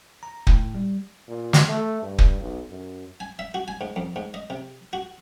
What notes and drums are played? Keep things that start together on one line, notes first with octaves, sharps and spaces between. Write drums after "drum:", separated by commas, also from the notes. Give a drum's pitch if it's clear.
A#5
A2, drum: kick
G3
A#2
drum: snare
A3
G2
drum: kick
B1
F#2
G#5
E5
F#4
G#5
G#2
F2
G#2
D#5
C3
F#4